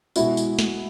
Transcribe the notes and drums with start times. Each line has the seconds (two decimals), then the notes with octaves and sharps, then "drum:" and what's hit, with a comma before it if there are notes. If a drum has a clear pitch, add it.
0.16 B2 G#3 B3 E4 F#4, drum: tambourine
0.37 drum: tambourine
0.59 drum: snare